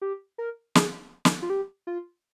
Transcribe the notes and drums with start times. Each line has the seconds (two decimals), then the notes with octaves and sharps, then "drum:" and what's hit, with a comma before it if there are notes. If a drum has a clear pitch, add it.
0.02 G4
0.38 A#4
0.75 G#4, drum: snare
1.25 drum: snare
1.42 F4
1.50 G4
1.87 F4